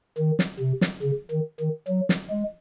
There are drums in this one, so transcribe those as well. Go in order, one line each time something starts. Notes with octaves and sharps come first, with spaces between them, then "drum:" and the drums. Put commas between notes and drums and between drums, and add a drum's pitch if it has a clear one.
D#3
drum: snare
C3
drum: snare
C#3
D#3
D#3
F#3
drum: snare
G#3